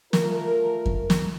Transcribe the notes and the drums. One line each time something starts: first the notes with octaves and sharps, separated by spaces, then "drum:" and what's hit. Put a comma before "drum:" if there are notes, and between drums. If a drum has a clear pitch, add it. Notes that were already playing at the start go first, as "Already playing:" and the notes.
A3 F4 A#4, drum: snare
drum: kick F2
drum: snare